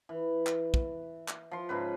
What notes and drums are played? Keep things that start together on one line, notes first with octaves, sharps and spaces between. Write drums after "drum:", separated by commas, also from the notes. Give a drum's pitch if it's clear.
E3
drum: clap
drum: kick
drum: clap
F3 C6
G#2 C#3 B4